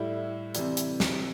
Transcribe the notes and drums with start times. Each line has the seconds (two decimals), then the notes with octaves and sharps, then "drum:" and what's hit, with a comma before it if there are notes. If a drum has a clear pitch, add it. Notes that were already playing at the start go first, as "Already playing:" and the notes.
Already playing: A2 G3 E4
0.55 C3 E3 G3, drum: hi-hat
0.77 drum: hi-hat
1.00 drum: snare